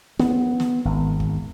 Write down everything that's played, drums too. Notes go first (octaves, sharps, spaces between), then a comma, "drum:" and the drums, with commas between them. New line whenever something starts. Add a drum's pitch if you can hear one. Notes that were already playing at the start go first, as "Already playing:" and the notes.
B3, drum: snare
drum: snare
G#1
drum: kick